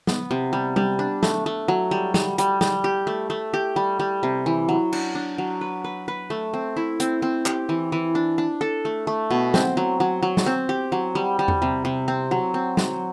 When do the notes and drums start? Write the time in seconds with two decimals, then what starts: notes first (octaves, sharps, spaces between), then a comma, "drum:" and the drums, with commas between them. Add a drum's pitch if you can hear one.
0.07 B3, drum: snare
0.31 C3
0.53 G3
0.76 G3, drum: tom G3
0.99 D4
1.23 A3, drum: snare
1.46 A3
1.68 F#3
1.91 G3
2.14 G3, drum: snare
2.38 G3, drum: hi-hat
2.61 G3, drum: snare
2.84 G4
3.07 A3
3.30 A3
3.54 G4
3.76 G3
3.99 G3
4.23 C3
4.46 E3
4.69 F#3
4.93 D4, drum: cymbal
5.15 D4
5.38 F#3
5.61 B4
5.84 B4
6.08 B4
6.30 A3
6.54 C4
6.77 E4
7.00 C4, drum: hi-hat
7.22 C4
7.46 G4, drum: clap
7.69 E3
7.92 E3
8.15 D4
8.38 D4
8.61 A4
8.85 A3
9.07 A3
9.31 B2
9.54 C4, drum: snare
9.77 F#3
10.00 F#3
10.22 F#3
10.37 drum: snare
10.46 C4
10.69 G4
10.92 F#3
11.15 G3
11.39 G3
11.48 drum: tom E2
11.62 C3
11.85 C3
12.08 C4
12.31 F#3
12.54 C4
12.77 F#3, drum: snare